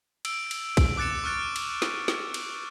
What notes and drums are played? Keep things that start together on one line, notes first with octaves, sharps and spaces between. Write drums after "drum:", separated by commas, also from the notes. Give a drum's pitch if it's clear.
E6 D7, drum: cymbal
drum: cymbal
drum: kick, cymbal
D6 F#6 A6 C#7 E7
C#6 D6 F6 F#6 A6 D7
drum: cymbal
drum: snare
drum: snare
drum: cymbal